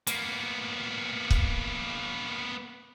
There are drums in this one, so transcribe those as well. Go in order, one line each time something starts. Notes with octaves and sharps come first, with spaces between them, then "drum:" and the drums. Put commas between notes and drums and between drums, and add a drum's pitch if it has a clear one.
A#3 B3, drum: hi-hat
drum: kick